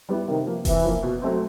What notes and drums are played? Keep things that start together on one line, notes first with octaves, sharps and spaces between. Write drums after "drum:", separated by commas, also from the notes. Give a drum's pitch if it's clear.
G3 B3 E4
C3 D#3
F3 A#3
C3 E3, drum: kick F1, open hi-hat
F3 A#3
B2
F#3 A3 C4